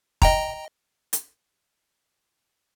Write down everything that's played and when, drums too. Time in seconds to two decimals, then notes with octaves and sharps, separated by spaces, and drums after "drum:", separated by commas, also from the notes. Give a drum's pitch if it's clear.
0.22 D#5 G5 A#5, drum: kick
1.13 drum: hi-hat